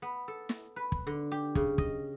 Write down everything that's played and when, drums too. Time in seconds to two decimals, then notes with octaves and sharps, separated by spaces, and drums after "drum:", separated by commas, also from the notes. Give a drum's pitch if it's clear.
0.02 B3
0.28 A4
0.49 drum: snare
0.76 B4
0.92 drum: kick
1.07 D3
1.32 G4
1.55 C#3, drum: kick
1.78 D#5, drum: kick